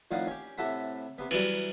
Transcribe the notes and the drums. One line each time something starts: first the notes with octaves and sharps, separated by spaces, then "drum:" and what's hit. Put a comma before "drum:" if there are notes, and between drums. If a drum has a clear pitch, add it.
F2 A2 D#3 D5 F5 F#5
C#4 G4
A2 C3 A3 A4 F#5 B5
C3 B3
E3 F#3 G3, drum: cymbal